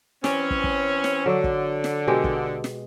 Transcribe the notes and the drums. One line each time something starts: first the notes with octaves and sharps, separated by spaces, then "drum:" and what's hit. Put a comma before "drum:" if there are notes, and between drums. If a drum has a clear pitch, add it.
E3 C4 C#4 D5, drum: snare
drum: kick
drum: kick
drum: snare
D3 F#3
drum: kick
drum: snare
B2 G#3 G4
drum: kick
drum: snare